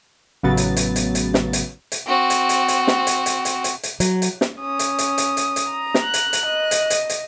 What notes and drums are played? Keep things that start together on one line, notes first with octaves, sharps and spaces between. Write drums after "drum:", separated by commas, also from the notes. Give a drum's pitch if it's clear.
A1 C#3 F#3 B3 A6
drum: hi-hat
drum: hi-hat
drum: hi-hat
drum: hi-hat
drum: snare
drum: hi-hat
drum: hi-hat
C4 F#4
drum: hi-hat
drum: hi-hat
drum: hi-hat
drum: snare
drum: hi-hat
drum: hi-hat
drum: hi-hat
drum: hi-hat
drum: hi-hat
F#3, drum: hi-hat
drum: hi-hat
drum: snare
C#4 D#6
drum: hi-hat
drum: hi-hat
drum: hi-hat
drum: hi-hat
drum: hi-hat
A#5
drum: snare
F#6
drum: hi-hat
drum: hi-hat
D#5
drum: hi-hat
drum: hi-hat
drum: hi-hat